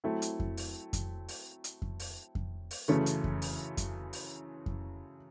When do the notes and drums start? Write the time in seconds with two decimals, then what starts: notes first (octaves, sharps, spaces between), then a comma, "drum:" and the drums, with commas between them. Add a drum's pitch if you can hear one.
0.04 F#3 A3 C4 E4
0.22 drum: hi-hat
0.40 drum: kick F2
0.57 drum: open hi-hat
0.93 drum: kick F2, hi-hat
1.28 drum: open hi-hat
1.64 drum: hi-hat
1.82 drum: kick F2
2.00 drum: open hi-hat
2.35 drum: kick F2
2.71 drum: open hi-hat
2.88 F#2 C#3 E3 A3 C#4
3.06 drum: hi-hat
3.24 drum: kick F2
3.42 drum: open hi-hat
3.77 drum: kick F2, hi-hat
4.13 drum: open hi-hat
4.66 drum: kick F2